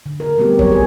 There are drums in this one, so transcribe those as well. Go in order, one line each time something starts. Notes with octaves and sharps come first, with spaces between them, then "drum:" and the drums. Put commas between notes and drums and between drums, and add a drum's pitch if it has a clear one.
D3
A#4
G3 A3 B3 C4 G4
F#3 C5 C#5, drum: kick
G#4